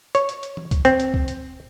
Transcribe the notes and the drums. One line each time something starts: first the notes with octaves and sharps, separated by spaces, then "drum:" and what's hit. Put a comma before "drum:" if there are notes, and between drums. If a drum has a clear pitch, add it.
C#5, drum: hi-hat
drum: hi-hat
drum: hi-hat
drum: tom E3
drum: kick C2, hi-hat
C4, drum: hi-hat
drum: hi-hat
drum: kick C2
drum: hi-hat